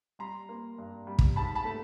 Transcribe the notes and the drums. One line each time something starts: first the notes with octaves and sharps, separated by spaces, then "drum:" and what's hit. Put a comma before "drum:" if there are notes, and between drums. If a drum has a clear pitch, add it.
G3 A#5 C6
A#3
G2
G3
drum: kick
G#2 A5 B5
A5 B5
A3